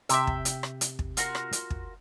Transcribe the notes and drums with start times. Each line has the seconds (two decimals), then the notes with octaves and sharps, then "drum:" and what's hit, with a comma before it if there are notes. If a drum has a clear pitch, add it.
0.09 C3 E5 G5 E6, drum: hi-hat
0.27 drum: kick
0.45 drum: hi-hat
0.63 drum: rim click
0.81 drum: hi-hat
0.99 drum: kick
1.17 F4 F#4 A#4, drum: hi-hat
1.35 drum: rim click
1.53 drum: hi-hat
1.70 drum: kick